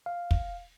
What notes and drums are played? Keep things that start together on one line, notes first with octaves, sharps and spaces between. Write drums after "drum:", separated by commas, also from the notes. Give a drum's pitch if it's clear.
F5
drum: kick